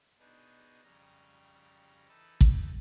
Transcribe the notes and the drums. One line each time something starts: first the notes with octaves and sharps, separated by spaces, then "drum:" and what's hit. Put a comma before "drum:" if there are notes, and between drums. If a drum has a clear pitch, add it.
B2 B3 D4 D#4 G#4
F2 C#3 G3 C#4 A#5
E3 D#4 E4 A4 B4 A5
drum: kick